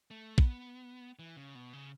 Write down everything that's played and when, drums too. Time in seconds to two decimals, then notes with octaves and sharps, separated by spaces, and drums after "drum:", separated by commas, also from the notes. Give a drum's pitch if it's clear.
0.11 A3
0.38 B3, drum: kick
1.19 E3
1.37 C#3
1.55 B2
1.73 C#3